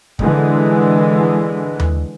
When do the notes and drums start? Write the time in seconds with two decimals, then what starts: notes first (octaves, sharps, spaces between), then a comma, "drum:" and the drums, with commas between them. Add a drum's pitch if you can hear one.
0.19 D3 E3 G#3, drum: kick
1.80 drum: tom D#2